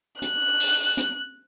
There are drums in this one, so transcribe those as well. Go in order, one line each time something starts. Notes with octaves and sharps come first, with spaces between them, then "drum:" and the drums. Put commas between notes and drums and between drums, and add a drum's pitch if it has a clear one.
F#6, drum: hi-hat
drum: open hi-hat
drum: hi-hat